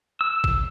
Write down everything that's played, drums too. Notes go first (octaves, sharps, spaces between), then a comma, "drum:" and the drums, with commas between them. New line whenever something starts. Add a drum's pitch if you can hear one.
E6
drum: kick